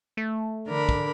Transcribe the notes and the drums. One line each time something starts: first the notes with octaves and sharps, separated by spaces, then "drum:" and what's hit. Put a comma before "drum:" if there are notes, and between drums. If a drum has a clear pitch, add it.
A3
D3 D4 A#4 B5
drum: kick